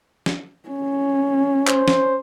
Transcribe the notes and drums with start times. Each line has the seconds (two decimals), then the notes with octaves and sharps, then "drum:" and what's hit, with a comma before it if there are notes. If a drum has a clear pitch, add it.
0.26 drum: snare
0.69 C#4
1.67 C5, drum: clap
1.88 drum: snare